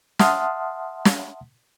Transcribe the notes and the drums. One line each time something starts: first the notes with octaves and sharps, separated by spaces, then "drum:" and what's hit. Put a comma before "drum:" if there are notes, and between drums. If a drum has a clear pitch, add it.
E5 F#5 A5 C6 D#6 F6, drum: snare
drum: snare